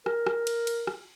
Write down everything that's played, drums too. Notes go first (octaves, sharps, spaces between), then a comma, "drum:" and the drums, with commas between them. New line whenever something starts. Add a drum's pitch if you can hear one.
A#4, drum: rim click
drum: rim click
drum: cymbal
drum: cymbal
drum: rim click